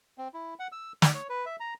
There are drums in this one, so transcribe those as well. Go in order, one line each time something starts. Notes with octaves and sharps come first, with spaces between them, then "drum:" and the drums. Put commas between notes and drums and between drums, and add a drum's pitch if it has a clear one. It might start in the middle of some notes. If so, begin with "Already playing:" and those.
C4
E4
F#5
E6
D5, drum: snare
C#5
B4
E5
A#5